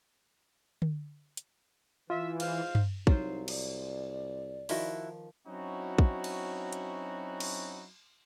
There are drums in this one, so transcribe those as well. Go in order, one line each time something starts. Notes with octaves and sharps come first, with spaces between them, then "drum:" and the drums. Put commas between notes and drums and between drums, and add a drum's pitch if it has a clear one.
drum: tom D3
drum: hi-hat
E3 F4 E5
G#2 C5 F5, drum: cymbal
drum: tom G2
C2 F#3 D#4 F4 C5, drum: kick
D5, drum: cymbal
D#3 F3 E4 F#4 A#4 B4, drum: open hi-hat
F#3 C4 C#4 D#4 E4 F#4
drum: kick
drum: cymbal
drum: hi-hat
drum: cymbal